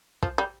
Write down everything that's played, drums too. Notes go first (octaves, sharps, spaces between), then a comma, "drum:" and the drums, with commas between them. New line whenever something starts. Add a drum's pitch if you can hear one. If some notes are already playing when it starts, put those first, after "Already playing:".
F3, drum: kick
G3